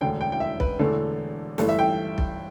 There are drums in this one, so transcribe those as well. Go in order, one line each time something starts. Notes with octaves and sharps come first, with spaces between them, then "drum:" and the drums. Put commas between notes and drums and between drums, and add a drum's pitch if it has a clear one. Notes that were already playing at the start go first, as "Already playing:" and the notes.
E1 D2 D3 G5
G5
G5
E5
B4, drum: kick B1
E1 E2 D3 A3 A4
G1 G2 E3 A3 A4, drum: snare
E5
G5
drum: kick B1